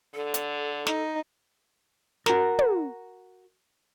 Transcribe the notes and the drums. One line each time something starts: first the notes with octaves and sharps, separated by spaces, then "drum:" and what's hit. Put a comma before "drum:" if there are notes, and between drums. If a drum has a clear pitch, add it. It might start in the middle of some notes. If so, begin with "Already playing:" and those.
D3 A4
drum: hi-hat
D#4, drum: snare
F#4 A#4, drum: snare
drum: tom